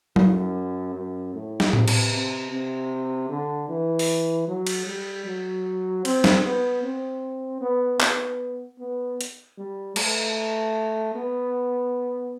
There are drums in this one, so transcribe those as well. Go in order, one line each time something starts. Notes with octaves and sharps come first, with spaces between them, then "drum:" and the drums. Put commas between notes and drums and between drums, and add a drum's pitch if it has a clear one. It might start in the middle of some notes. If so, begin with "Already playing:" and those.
F#2, drum: tom F#3
F#2
A2
drum: snare
C3, drum: tom A2
drum: cymbal
C3
C3
D3
E3
drum: open hi-hat
F#3
drum: cymbal
G3
F#3
C4, drum: cymbal
drum: snare
B3
C4
B3
B3, drum: clap
B3
drum: hi-hat
G3
A3, drum: cymbal
B3